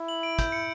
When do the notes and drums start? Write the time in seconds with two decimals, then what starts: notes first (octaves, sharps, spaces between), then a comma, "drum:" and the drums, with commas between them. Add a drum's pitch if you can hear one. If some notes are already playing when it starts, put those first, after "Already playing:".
Already playing: E4
0.08 F#7
0.23 D7
0.39 G6, drum: kick, hi-hat
0.52 C#7